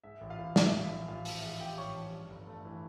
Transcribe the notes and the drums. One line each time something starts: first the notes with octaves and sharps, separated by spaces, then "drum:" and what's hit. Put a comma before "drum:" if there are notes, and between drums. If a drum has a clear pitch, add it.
G#2 E5
A1
F4 F5
A1
F3 E5, drum: snare
G#2 F4 F5
E5
A1
A1 F4 F5
F3 E5, drum: open hi-hat
G#2 F4 F5
A1 G4 G5
A1 C#5 C#6
F3
G2
G1
A3
E3